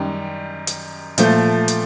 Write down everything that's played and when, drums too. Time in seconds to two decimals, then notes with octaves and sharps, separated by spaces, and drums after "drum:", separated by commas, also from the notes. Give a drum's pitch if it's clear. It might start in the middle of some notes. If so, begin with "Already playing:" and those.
Already playing: F#2 D#3 G3
0.67 drum: hi-hat
1.18 A#2 F3 A3, drum: hi-hat
1.68 drum: hi-hat